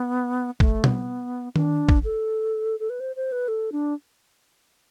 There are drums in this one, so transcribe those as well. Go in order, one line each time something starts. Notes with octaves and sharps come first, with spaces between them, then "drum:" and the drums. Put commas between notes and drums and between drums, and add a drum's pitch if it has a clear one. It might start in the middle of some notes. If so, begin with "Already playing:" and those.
Already playing: B3
A3, drum: kick
B3, drum: tom B2
D4, drum: tom D#3
drum: kick
A4
A4
B4
C5
C5
B4
A4
D4